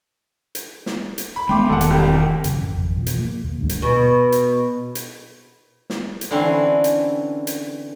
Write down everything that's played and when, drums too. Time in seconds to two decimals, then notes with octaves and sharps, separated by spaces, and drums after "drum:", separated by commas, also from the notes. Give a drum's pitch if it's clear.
0.55 drum: hi-hat
0.86 drum: snare
1.18 drum: hi-hat
1.36 B5
1.49 G#3 A3 B3 G5 C6 D6
1.69 E1 D#3 A4 F#5
1.81 drum: hi-hat
1.90 C2 G4
2.44 A1 F#2 C#3 F#3, drum: hi-hat
2.67 G#1 F2
2.97 B2 E3 F3
3.06 drum: hi-hat
3.19 A#3
3.44 D#2
3.57 D#1 D2 G2
3.69 drum: hi-hat
3.82 B2
4.32 drum: hi-hat
4.95 drum: hi-hat
5.90 drum: snare
6.21 drum: hi-hat
6.31 D3 E3 C4 C#4
6.84 drum: hi-hat
7.47 drum: hi-hat